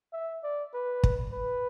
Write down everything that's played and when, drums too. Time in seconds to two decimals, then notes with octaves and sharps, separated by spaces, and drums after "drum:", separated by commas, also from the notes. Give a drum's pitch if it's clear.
0.13 E5
0.44 D5
0.74 B4
1.03 drum: kick
1.33 B4